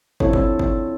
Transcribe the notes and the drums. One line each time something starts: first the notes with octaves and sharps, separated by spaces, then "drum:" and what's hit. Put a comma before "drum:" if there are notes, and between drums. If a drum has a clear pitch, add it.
C4 D4 E4 F4 A4 C#5, drum: kick
drum: kick
drum: kick